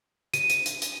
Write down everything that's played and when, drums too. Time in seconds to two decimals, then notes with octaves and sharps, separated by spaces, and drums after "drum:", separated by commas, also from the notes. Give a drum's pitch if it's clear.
0.34 D#7, drum: hi-hat
0.50 drum: hi-hat
0.66 drum: hi-hat
0.82 drum: hi-hat